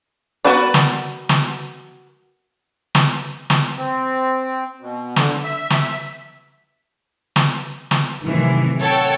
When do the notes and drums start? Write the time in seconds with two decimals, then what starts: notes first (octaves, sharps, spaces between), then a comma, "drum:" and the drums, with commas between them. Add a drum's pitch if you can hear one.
0.45 B3 F#4 A#4 B4 D5
0.74 drum: snare
1.29 drum: snare
2.95 drum: snare
3.50 drum: snare
3.77 C4
4.81 B2
5.16 D3, drum: snare
5.44 E5
5.70 drum: snare
7.36 drum: snare
7.91 drum: snare
8.23 A2 C3 D#3 E3 F#3
8.81 A4 C#5 F#5 G5